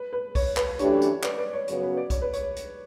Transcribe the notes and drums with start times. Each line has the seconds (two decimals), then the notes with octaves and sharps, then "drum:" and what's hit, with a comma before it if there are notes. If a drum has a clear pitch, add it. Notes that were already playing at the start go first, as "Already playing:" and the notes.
Already playing: B4
0.13 B4
0.35 C#5, drum: kick, open hi-hat
0.57 B4, drum: clap
0.79 F#2 E3 A3 D4 G4 C#5, drum: hi-hat
1.02 drum: hi-hat
1.23 B4 D5, drum: clap
1.38 B4 D5
1.53 C#5
1.68 F#2 C#3 F#3 B3 F#4 C#5, drum: hi-hat
1.82 B4
1.97 D5
2.10 C#5, drum: kick, hi-hat
2.22 B4
2.33 C#5, drum: hi-hat
2.56 drum: hi-hat